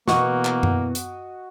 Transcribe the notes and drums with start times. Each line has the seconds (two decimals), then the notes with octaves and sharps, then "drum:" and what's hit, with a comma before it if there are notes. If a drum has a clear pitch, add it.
0.08 B2 E3 A#3 F#4 D#5 F#5 C#6, drum: snare
0.45 drum: clap
0.63 drum: tom F#2
0.95 drum: hi-hat